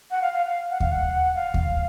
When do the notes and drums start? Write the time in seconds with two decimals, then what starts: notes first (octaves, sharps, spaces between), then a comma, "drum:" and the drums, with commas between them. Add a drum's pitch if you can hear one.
0.11 F#5
0.21 F5
0.33 F5
0.46 F5
0.70 F#5
0.80 F5, drum: kick D#2
0.91 F#5
1.35 F5
1.54 drum: kick D#2